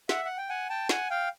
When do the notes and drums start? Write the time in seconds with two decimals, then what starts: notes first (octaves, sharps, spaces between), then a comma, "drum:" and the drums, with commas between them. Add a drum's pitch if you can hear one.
0.09 E5 F#5, drum: snare
0.25 F#5
0.38 G5
0.49 F#5 G#5
0.69 G5 A5
0.89 F#5 G#5, drum: snare
1.10 F5 G5